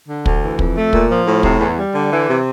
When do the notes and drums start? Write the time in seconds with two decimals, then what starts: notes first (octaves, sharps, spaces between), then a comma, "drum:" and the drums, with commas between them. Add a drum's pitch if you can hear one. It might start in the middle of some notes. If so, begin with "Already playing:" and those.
0.09 D3
0.26 D2, drum: kick
0.42 E3
0.59 F2, drum: kick
0.76 A3
0.93 A#2, drum: kick
1.09 F3
1.26 A2
1.43 C3, drum: kick
1.60 E2
1.77 G3
1.94 D3
2.11 E3
2.27 C3